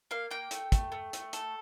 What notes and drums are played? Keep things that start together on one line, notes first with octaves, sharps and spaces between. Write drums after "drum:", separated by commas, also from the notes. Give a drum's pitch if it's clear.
A#3 F5
A#3 G5
A3, drum: hi-hat
A3, drum: kick, hi-hat
A3
A3, drum: hi-hat
A4, drum: hi-hat